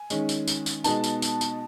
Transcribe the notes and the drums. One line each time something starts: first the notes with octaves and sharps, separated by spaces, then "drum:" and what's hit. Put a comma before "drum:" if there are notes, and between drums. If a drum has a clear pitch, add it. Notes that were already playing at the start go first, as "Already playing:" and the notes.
Already playing: G#5
D#3 G#3 C#4, drum: tambourine
drum: tambourine
drum: tambourine
drum: tambourine
B2 G#3 B3 D#4 A5, drum: tambourine
drum: tambourine
drum: tambourine
drum: tambourine